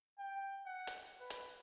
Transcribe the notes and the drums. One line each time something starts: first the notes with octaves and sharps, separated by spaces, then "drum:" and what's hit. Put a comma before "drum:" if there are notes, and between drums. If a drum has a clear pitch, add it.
G5
F#5
drum: hi-hat
B4
drum: hi-hat